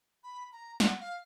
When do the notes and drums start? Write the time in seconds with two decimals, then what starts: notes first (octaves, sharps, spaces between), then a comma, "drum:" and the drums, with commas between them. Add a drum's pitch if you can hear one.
0.24 B5
0.52 A#5
0.80 F#5, drum: snare
1.00 F5